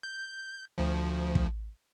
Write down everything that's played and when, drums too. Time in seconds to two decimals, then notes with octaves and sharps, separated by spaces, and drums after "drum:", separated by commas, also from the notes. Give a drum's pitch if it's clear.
0.03 G6
0.78 D2 F3
1.35 drum: kick